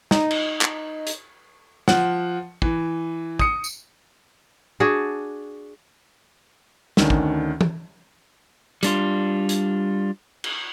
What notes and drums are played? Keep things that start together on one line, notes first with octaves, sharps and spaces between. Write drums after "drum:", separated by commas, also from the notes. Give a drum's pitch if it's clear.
D#4, drum: snare
drum: cymbal
drum: clap
drum: hi-hat
F3 F#5, drum: snare
E3, drum: kick
D#6 C#7, drum: kick
drum: tambourine
D4 F#4 G#4
D2 D#3 C#4 D4, drum: snare
drum: kick
drum: tom
G3 D4 F4, drum: hi-hat
drum: hi-hat
drum: cymbal